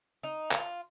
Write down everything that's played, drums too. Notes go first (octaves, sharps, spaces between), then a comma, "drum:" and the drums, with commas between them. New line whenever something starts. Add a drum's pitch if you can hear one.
D#4
F4, drum: clap